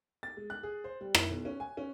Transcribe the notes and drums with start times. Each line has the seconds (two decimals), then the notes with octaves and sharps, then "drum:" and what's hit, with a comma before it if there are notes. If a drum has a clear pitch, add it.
0.23 A6
0.37 G#3
0.50 F#6
0.63 G#4
0.84 C5
1.01 G3
1.15 E4, drum: rim click
1.30 B1
1.45 C#4
1.60 G#5
1.77 C#4